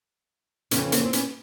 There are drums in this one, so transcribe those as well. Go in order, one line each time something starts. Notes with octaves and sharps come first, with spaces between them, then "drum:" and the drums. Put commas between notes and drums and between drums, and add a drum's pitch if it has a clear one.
F2 C#3 E3 B3 C#4, drum: hi-hat
A#3 C4, drum: hi-hat
C4
B3 C#4, drum: hi-hat